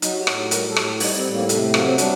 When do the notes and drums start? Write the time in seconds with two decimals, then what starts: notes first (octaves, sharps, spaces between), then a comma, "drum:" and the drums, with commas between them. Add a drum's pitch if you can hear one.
0.02 F#3 D#4, drum: hi-hat
0.13 F#4
0.19 G4
0.27 A2, drum: rim click
0.51 G3 A#4, drum: hi-hat
0.69 A4
0.76 A2, drum: rim click
0.84 G4
1.00 G3 D#4, drum: open hi-hat
1.17 C4
1.26 A2
1.34 A#3
1.49 C3 A3, drum: hi-hat
1.62 A3
1.74 F#3 A#3, drum: rim click
1.86 C4
1.98 G3 D4, drum: hi-hat